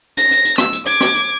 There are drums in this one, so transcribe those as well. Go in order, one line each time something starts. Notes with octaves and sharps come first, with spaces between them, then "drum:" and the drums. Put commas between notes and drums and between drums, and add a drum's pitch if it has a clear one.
A#6, drum: hi-hat
drum: hi-hat
drum: hi-hat
E6, drum: rim click
drum: hi-hat
D6 G#6, drum: hi-hat
drum: rim click
drum: hi-hat